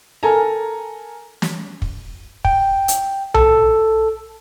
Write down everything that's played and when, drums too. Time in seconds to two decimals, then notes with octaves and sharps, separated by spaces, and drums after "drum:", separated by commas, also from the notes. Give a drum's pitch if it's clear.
0.23 A4 A#4 G#5 A#5
1.42 drum: snare
1.82 drum: kick
2.45 G5, drum: kick
2.88 drum: hi-hat
3.34 A4, drum: tom B1